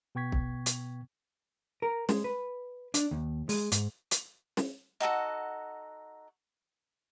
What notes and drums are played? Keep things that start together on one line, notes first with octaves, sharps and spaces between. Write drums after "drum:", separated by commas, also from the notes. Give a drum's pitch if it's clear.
B2 B3 G5 C#6 G#6 B6
drum: kick
drum: hi-hat
A#4
G#3, drum: snare
B4
D4, drum: hi-hat
D#2
G#3, drum: open hi-hat
G#2, drum: hi-hat
drum: hi-hat
drum: snare
D#4 F#4 A4 F#5